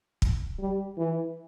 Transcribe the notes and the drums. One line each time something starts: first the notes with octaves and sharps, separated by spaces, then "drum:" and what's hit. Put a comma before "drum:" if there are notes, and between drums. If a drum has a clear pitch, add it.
drum: kick
G3
E3